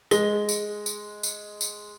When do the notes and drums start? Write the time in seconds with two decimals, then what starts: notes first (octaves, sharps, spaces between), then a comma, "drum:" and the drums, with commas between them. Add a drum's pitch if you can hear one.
0.11 G#3 A#6 G7, drum: tambourine
0.49 drum: tambourine
0.86 drum: tambourine
1.23 drum: tambourine
1.61 drum: tambourine